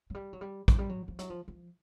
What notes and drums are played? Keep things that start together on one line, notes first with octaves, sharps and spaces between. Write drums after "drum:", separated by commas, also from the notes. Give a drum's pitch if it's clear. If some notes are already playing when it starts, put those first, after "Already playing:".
F#3
G3
F#3
G3
F#3, drum: kick, hi-hat
G3
F#3
F3
F#3, drum: hi-hat
F3
F3